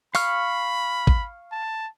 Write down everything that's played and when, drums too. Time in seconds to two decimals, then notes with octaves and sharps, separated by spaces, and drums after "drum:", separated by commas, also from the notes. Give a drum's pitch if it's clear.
0.15 F5 B5 C#6 F6, drum: open hi-hat
1.07 drum: kick
1.52 A5